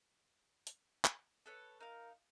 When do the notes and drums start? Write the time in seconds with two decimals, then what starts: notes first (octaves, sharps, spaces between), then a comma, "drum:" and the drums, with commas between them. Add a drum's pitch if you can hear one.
0.67 drum: hi-hat
1.05 drum: clap
1.46 A4 B4 C#5
1.80 D#4 A#4 F5